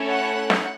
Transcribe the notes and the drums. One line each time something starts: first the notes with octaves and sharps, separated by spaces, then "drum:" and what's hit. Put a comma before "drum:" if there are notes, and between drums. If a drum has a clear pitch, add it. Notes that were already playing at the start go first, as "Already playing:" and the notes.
Already playing: A3 C#4 E4 A4
F#5
drum: snare